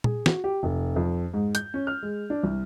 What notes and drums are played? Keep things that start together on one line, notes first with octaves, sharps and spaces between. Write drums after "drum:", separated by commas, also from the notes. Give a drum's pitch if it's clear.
G#4, drum: tom A#2
F#4, drum: snare
G4
F1
F2
G#2
G6, drum: hi-hat
C#4
F6
G#3
D4
C2